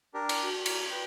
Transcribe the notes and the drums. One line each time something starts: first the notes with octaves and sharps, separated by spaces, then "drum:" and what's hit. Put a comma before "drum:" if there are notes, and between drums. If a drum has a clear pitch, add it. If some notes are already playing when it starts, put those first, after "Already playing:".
D4 G4 A#4
drum: cymbal
F#4
A#4, drum: cymbal
B4 G5